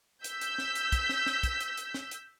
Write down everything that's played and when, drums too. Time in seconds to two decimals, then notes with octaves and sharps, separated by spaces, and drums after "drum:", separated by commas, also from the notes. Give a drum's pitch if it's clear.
0.24 E6 G6 B6, drum: hi-hat
0.41 drum: hi-hat
0.58 drum: snare
0.75 drum: hi-hat
0.92 drum: kick, hi-hat
1.09 drum: snare
1.26 drum: snare
1.43 drum: kick, hi-hat
1.60 drum: hi-hat
1.77 drum: hi-hat
1.94 drum: snare
2.11 drum: hi-hat